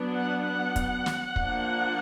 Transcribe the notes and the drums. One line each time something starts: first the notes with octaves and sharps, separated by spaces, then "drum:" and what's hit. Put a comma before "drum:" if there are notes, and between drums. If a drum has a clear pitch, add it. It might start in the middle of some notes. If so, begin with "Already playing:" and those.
Already playing: F#3 B3 D4
F#5
F#5
drum: kick, hi-hat
drum: snare
F3 A#3 D4, drum: kick